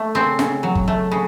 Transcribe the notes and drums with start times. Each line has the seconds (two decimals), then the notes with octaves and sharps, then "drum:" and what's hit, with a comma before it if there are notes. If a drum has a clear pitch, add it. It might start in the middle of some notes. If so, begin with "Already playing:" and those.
Already playing: A3
0.15 C#3 C4
0.39 C#3, drum: snare
0.63 F#3
0.75 drum: kick F#1
0.88 A3
1.11 C#3